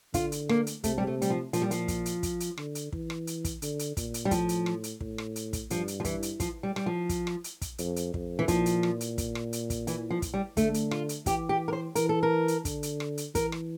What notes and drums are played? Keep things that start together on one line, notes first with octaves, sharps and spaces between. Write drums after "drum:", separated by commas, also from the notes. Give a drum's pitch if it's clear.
D3 F4, drum: kick, hi-hat
drum: hi-hat
A#3, drum: rim click
drum: hi-hat
C3 A3, drum: kick, hi-hat
G3
A3
G3, drum: hi-hat
F3
A#2 F3, drum: hi-hat
G3
F3, drum: hi-hat
drum: kick, hi-hat
drum: hi-hat
drum: kick, hi-hat
drum: hi-hat
D3, drum: rim click
drum: hi-hat
E3, drum: kick
drum: rim click
drum: hi-hat
drum: kick, hi-hat
D3, drum: hi-hat
drum: hi-hat
A#2, drum: kick, hi-hat
drum: hi-hat
G3
A2 F3, drum: kick, hi-hat
drum: hi-hat
drum: rim click
drum: hi-hat
A2, drum: kick
drum: rim click
drum: hi-hat
drum: kick, hi-hat
G2 F3, drum: hi-hat
drum: hi-hat
F3
E3, drum: kick, hi-hat
drum: hi-hat
F3, drum: kick, hi-hat
G3
G3, drum: rim click
F3
drum: kick, hi-hat
drum: rim click
drum: hi-hat
drum: kick, hi-hat
F2, drum: hi-hat
drum: hi-hat
F2, drum: kick
E3
A#2 F3, drum: kick, hi-hat
drum: hi-hat
drum: rim click
drum: hi-hat
drum: kick, hi-hat
drum: rim click
drum: hi-hat
drum: kick, hi-hat
E3, drum: hi-hat
F3
drum: kick, hi-hat
G3
D3 A3, drum: kick, hi-hat
drum: hi-hat
F4, drum: rim click
drum: hi-hat
E3 G4, drum: kick, hi-hat
G4
A#4
C5
E3 A#4, drum: hi-hat
A4
A#4
drum: hi-hat
D3, drum: kick, hi-hat
drum: hi-hat
drum: rim click
drum: hi-hat
E3 A#4, drum: kick, hi-hat
drum: rim click